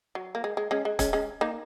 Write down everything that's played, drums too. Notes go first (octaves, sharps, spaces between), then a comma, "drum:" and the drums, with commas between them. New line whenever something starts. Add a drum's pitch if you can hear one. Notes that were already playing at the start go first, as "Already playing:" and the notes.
F#3
A#3
G#3
G#3
G#3 C#4
G#3
G#3 C#4, drum: kick, hi-hat
G#3 C#4
A#3 D#4